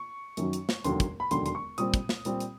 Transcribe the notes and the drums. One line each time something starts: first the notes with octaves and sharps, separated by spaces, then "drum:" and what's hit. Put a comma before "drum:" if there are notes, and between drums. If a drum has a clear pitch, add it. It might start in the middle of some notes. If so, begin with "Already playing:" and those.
Already playing: C#6
F#2 D#3 F#3, drum: hi-hat
drum: hi-hat
drum: snare
E1 D#2 D3 F#3 C6, drum: hi-hat
drum: kick, hi-hat
B5
E1 D#2 D3 F#3 C6, drum: hi-hat
C6, drum: hi-hat
C#6
A#2 G3 C4 D#6, drum: hi-hat
drum: kick, hi-hat
drum: snare
A#2 G3 C4, drum: hi-hat
drum: hi-hat